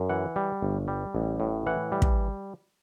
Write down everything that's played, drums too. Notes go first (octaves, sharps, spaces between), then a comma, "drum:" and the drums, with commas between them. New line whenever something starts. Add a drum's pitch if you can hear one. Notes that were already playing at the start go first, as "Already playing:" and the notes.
Already playing: F#2
E3 F#5
G3
G1
G3
A1
A2
E3 F#5
G3
drum: kick